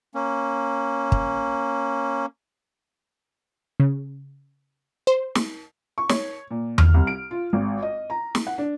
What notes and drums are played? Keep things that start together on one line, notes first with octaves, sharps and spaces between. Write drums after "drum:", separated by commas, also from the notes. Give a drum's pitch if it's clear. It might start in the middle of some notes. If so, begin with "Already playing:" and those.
A#3 C#4
drum: kick
C#3
C5
drum: snare
C#6
C#5, drum: snare
A#2
F6, drum: tom E2
C2
D7
F4
G#1
D#5
A#5
drum: snare
F#5
D4